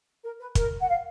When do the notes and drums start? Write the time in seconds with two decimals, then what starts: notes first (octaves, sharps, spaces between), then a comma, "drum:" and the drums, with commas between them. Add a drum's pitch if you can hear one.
0.23 A#4
0.39 B4
0.55 A#4, drum: kick, hi-hat
0.80 F#5
0.88 F5